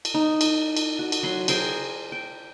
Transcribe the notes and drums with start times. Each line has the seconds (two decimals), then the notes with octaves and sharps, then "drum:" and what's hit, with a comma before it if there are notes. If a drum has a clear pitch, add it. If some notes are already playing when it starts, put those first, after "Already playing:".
0.05 drum: cymbal
0.14 D#4
0.41 drum: cymbal
0.77 drum: cymbal
0.99 F#4
1.12 drum: cymbal
1.23 F#3 B5 C6
1.48 G#4 A#4 C5 G5, drum: cymbal
2.12 G5